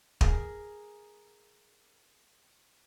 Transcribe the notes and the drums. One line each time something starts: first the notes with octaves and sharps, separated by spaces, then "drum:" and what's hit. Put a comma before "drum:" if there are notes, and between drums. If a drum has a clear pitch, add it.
G#4 A#4, drum: kick